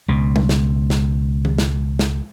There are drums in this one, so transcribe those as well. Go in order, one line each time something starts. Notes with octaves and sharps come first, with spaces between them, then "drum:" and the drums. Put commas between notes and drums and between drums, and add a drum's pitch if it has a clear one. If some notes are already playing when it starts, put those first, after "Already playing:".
C#2 B2
drum: tom G3
drum: snare
drum: snare
drum: tom D#3
drum: snare
drum: snare